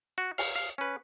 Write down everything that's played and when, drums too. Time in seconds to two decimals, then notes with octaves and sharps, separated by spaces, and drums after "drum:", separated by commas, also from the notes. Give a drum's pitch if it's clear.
0.18 F#4
0.38 F5, drum: open hi-hat
0.56 F5
0.78 C#4 B4